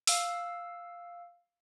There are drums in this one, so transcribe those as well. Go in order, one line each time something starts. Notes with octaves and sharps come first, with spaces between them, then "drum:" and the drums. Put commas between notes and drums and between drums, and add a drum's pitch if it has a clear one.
F5 E6, drum: open hi-hat